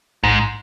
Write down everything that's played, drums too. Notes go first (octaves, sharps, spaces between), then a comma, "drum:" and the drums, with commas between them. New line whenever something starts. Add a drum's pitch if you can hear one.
G#2, drum: kick A#1